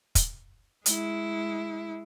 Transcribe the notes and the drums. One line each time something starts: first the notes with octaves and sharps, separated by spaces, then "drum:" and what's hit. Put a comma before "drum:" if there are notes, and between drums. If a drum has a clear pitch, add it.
drum: kick, hi-hat
G#3 E4, drum: hi-hat